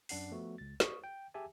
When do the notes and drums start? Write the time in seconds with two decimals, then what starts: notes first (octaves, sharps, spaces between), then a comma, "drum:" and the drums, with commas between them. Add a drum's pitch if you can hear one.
0.09 F#2 D4 F#5 C7, drum: open hi-hat
0.31 F3 A3 B3 F#4
0.58 C#2 A6
0.80 C#6 D#6, drum: snare
1.04 G5
1.34 G4 G#4 E5 G#5 A5